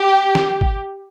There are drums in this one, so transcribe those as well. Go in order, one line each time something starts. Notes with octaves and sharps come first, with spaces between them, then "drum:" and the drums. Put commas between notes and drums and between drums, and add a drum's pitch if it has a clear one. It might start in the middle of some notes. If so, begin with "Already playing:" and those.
Already playing: G4
drum: snare
drum: kick G#1